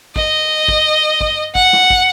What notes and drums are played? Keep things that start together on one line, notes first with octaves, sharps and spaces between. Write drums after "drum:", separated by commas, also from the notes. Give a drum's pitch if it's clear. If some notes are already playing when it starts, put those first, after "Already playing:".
D#5, drum: kick
drum: kick
drum: kick
F#5, drum: kick
drum: snare
drum: kick